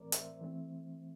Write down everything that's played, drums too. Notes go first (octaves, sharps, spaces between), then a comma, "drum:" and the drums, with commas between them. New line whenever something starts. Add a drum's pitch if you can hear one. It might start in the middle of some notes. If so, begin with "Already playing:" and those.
Already playing: A2 E3 A3 C4 A#4 D5
C5 E5, drum: hi-hat
E3 A3 C4